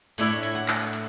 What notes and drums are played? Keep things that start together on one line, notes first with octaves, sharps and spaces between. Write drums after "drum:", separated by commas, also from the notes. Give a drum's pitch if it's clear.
A2 A3 D4 E4 C#5, drum: hi-hat
drum: hi-hat
F#5
drum: clap
drum: hi-hat